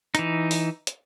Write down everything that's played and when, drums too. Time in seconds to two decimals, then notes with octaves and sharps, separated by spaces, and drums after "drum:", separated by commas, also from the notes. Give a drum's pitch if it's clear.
0.15 E3 D#4, drum: hi-hat
0.51 drum: open hi-hat
0.87 drum: hi-hat